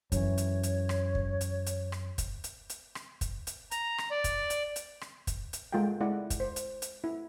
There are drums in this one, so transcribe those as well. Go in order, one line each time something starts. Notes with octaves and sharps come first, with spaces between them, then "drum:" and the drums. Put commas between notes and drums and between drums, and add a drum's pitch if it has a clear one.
F#2 E3 C#5, drum: kick, hi-hat
drum: hi-hat
drum: hi-hat
drum: rim click
drum: kick
drum: hi-hat
drum: hi-hat
drum: rim click
drum: kick, hi-hat
drum: hi-hat
drum: hi-hat
drum: rim click
drum: kick, hi-hat
drum: hi-hat
A#5, drum: hi-hat
drum: rim click
D5
drum: kick, hi-hat
drum: hi-hat
drum: hi-hat
drum: rim click
drum: kick, hi-hat
drum: hi-hat
G#3 F4 A4 F#5 G5
G#3 E4 D5 F#5
drum: kick, hi-hat
C5
drum: hi-hat
drum: hi-hat
E4